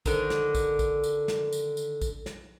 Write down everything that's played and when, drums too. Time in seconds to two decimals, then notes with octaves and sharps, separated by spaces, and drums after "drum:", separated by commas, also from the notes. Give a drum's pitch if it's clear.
0.06 D3 D#3, drum: kick A#1, tambourine
0.30 drum: snare
0.55 drum: kick A#1, tambourine
0.79 drum: kick A#1, tambourine
1.04 drum: tambourine
1.28 drum: snare
1.53 drum: tambourine
1.77 drum: tambourine
2.02 drum: kick A#1, tambourine
2.26 drum: snare